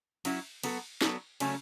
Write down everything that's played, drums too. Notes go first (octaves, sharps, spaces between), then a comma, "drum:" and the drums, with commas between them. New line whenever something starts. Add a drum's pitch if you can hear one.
F#3 C#4 E4, drum: cymbal
F#3 B3 F#4 A4, drum: cymbal
F#3 B3 A4, drum: snare
C#3 F#3 A3 C#4, drum: cymbal